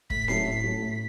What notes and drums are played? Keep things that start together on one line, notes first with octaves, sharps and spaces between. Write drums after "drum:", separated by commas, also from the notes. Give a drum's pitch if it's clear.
A2 B6, drum: kick
F#3 A3 C#4 E4 C7, drum: snare C4
A2 B6
F#3 A3 C#4 E4
A2